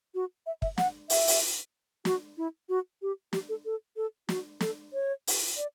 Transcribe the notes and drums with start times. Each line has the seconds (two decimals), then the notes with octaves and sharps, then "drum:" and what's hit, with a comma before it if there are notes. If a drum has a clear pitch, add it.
0.15 F#4
0.46 E5
0.62 E5, drum: kick
0.78 F#5, drum: snare
1.10 E5, drum: open hi-hat
1.27 drum: open hi-hat
2.05 F#4, drum: snare
2.38 E4
2.69 F#4
3.02 G4
3.33 G4, drum: snare
3.49 A4
3.65 A4
3.96 A4
4.29 F#4, drum: snare
4.61 A4, drum: snare
4.93 C#5
5.27 drum: open hi-hat
5.57 D5